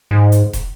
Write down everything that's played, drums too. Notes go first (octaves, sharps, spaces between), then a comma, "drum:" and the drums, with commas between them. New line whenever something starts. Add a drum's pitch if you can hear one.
G#2
drum: hi-hat
drum: kick, hi-hat